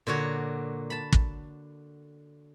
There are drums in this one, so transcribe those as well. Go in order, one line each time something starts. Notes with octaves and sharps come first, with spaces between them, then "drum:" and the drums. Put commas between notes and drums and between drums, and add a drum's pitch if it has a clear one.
A#2 D3 F#4 C#5
A5 B5
drum: kick